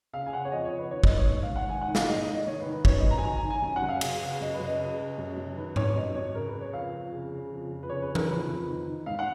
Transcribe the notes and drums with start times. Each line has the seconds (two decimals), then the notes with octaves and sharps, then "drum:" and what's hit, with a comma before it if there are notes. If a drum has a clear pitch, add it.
0.13 C#3 F5
0.26 G#5
0.33 C#3 F#5
0.45 C#5
0.52 F2 D#5
0.65 C#5
0.72 F2
0.78 B4
0.91 D#3 C#5
1.04 D#5, drum: kick
1.10 D#3
1.18 C#5
1.30 G#2
1.43 F5
1.49 G#2
1.56 F#5
1.69 D#3 G#5
1.81 F#5
1.88 D#3
1.95 F5, drum: snare
2.07 G#2 D#5
2.21 D#5
2.27 G#2
2.34 D#5
2.46 D#3 C#5
2.60 B4
2.66 D#3
2.72 B4
2.85 F#2 C#5, drum: kick
2.98 D#5
3.04 F#2
3.11 A#5
3.18 G#5
3.24 D#3 A#5
3.37 G#5
3.44 D#3
3.50 G#5
3.62 F#2 G#5
3.76 F#5
3.82 F#2
3.89 F5
4.01 C#3 F5, drum: cymbal
4.21 C#3 F5
4.41 F#2 D#5
4.54 B4
4.60 F#2
4.67 D#5
4.79 C#3
4.99 C#3
5.18 F#2
5.38 F#2
5.57 D#3 B4
5.76 D#3 C#5, drum: tom G#2
5.96 F#2 D#5
6.15 F#2 C#5
6.34 C#3 A#4
6.48 B4
6.54 C#3
6.61 C#5
6.73 F2 F5
6.93 F2
7.12 C#3
7.32 C#3
7.51 F2
7.70 F2
7.83 B4
7.89 C#3 C#5
8.02 B4
8.09 C#3
8.15 A#4, drum: tom E3
8.29 F2 B4
8.48 F2
8.68 D#3
8.87 D#3
9.06 G#2 F5
9.19 F#5